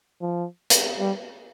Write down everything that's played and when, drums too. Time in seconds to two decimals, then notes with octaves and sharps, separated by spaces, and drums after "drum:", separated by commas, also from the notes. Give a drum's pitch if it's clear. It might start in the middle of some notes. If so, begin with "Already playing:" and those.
0.22 F3
0.70 drum: hi-hat
1.00 G3